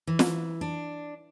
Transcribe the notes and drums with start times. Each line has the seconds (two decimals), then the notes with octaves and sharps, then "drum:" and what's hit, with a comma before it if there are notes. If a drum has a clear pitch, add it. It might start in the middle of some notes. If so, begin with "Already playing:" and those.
0.07 E3
0.19 drum: snare
0.61 D4